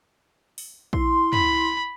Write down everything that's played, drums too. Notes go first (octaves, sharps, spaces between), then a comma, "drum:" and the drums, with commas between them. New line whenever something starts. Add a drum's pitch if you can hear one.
drum: open hi-hat
E4 C6, drum: kick A#1
B5, drum: tom